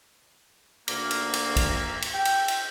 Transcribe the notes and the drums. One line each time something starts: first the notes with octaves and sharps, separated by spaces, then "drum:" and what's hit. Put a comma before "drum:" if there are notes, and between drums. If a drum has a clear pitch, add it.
D2 A#3, drum: cymbal
drum: cymbal
drum: cymbal
drum: kick, cymbal
drum: cymbal
G5
drum: cymbal
drum: cymbal